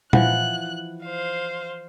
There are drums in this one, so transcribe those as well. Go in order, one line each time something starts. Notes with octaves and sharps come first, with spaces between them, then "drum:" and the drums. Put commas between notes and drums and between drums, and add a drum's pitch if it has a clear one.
E3 F3 F#5 F#6, drum: tom A#2
C5 F5